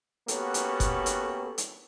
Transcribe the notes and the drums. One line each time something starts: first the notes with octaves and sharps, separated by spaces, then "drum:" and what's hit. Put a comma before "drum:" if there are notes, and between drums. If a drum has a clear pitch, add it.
A#3 B3 C#4 F#4 G4 A4, drum: hi-hat
drum: hi-hat
drum: kick F#1, hi-hat
drum: hi-hat
drum: hi-hat